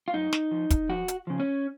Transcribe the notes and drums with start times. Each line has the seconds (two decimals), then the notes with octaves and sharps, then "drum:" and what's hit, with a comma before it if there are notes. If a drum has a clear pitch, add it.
0.08 F4
0.14 F#2 D#4
0.33 drum: snare
0.51 F3
0.70 drum: kick, hi-hat
0.89 F2 F#4
1.08 drum: hi-hat
1.27 C#3 F3
1.40 C#4